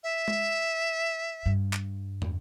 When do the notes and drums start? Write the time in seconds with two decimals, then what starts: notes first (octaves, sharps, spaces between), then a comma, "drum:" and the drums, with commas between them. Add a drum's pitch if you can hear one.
0.03 E5
0.28 drum: tom G#3
1.46 G2
1.73 drum: clap
2.22 drum: tom